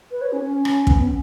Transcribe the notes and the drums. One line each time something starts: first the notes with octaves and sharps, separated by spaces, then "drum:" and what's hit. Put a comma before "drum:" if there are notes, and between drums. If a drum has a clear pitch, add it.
B4
C#5
C#4
C#4
drum: rim click
B3, drum: kick
C#4